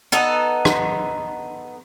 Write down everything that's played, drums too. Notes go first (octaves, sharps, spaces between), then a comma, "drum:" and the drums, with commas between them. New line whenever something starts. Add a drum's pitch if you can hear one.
B3 D#4 A4
drum: rim click